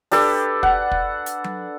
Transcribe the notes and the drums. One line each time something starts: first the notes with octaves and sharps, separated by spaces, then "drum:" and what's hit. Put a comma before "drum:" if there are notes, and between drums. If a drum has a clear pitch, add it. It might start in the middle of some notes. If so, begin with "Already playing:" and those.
D4 G4 A4 B4, drum: open hi-hat
F#5, drum: kick
drum: kick
drum: hi-hat
drum: tom F#3